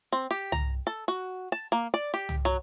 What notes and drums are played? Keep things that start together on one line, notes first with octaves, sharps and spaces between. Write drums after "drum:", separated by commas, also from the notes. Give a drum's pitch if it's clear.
C4
G4
A#5, drum: tom
A4
F#4
A5
A#3
D5
G4
drum: tom
F#3